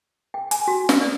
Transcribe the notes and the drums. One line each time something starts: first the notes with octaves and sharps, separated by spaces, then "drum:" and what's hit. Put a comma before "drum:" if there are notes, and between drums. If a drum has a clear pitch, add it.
G5
G#5, drum: hi-hat
F#4
drum: snare
D5